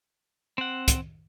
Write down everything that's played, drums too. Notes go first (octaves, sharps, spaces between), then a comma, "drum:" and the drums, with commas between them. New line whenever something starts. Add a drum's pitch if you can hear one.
C4 F#5
drum: kick, hi-hat